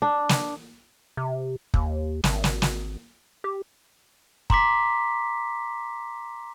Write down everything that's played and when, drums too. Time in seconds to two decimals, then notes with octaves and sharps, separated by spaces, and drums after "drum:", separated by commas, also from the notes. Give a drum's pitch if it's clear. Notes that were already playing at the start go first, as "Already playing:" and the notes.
0.02 D4
0.29 drum: snare
1.17 C3
1.74 D#2, drum: kick
2.24 G#1, drum: snare
2.44 drum: snare
2.62 drum: snare
3.44 G4
4.50 A#5 C6 D6 B6, drum: kick